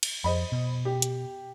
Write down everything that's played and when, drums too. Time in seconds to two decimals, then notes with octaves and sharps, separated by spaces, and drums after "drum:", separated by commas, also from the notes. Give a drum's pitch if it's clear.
0.03 drum: cymbal
0.24 F2 C5 D#5 B5
0.52 B2
0.85 G4
1.02 drum: hi-hat